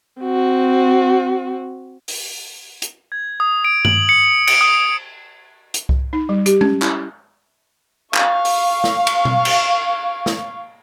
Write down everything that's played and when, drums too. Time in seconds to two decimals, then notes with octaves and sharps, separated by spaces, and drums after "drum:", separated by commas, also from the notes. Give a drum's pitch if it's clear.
0.21 C4 F#4
2.08 drum: open hi-hat
2.82 drum: hi-hat
3.12 G#6
3.40 D#6
3.65 D7
3.85 F#7, drum: tom G2
4.09 C#7
4.47 D7, drum: cymbal
4.61 D#6
5.74 drum: hi-hat
5.89 drum: kick C2
6.13 D#4
6.29 G3
6.46 G4, drum: hi-hat
6.61 C#4, drum: tom G#3
6.82 E4, drum: clap
8.14 F5 C#6, drum: clap
8.45 drum: open hi-hat
8.84 drum: snare
9.07 drum: cymbal
9.25 drum: tom B2
9.45 drum: cymbal
10.26 drum: snare